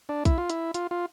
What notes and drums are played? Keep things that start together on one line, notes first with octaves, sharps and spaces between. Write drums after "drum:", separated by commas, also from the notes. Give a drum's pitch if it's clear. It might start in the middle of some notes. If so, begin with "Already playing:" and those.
D4
E4, drum: kick B1, hi-hat
F4
E4, drum: hi-hat
F4, drum: hi-hat
F4